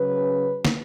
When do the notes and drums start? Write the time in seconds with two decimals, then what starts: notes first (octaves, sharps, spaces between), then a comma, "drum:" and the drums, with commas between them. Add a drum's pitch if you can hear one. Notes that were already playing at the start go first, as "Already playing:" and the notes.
Already playing: C#3 F#3 C#4 B4
0.65 drum: snare